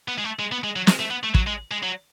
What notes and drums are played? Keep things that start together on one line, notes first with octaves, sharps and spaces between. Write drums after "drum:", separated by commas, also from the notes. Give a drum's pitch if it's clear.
B3
G#3
A3
G#3
B3
G#3
F#3
G#3, drum: snare
A3
B3
A3
F#3, drum: kick
G#3
G#3
F#3